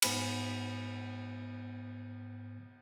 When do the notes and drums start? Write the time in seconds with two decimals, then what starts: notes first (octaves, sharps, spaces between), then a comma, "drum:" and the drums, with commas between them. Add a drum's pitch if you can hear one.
0.02 G#2 B3 C5 G#5 B5, drum: cymbal